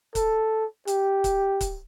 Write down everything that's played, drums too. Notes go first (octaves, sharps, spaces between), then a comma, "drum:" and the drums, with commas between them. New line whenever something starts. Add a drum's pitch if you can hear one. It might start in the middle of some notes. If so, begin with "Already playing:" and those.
A4, drum: kick C#1, hi-hat
G4, drum: hi-hat
drum: kick C#1, hi-hat
drum: kick C#1, hi-hat